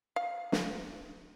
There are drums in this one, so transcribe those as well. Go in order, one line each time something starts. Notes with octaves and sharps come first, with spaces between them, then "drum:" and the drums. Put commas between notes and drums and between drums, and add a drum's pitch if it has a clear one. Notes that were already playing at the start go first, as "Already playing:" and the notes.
F5
drum: snare